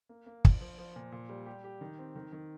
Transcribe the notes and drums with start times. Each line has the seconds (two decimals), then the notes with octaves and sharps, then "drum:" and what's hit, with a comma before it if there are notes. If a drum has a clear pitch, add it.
0.09 A#3
0.26 A#3
0.45 F3, drum: kick
0.61 F3
0.78 F3
0.96 A#2
1.12 A#2
1.29 G3
1.46 G4
1.64 G4
1.81 D#3
1.99 C4
2.16 D#3
2.32 D#3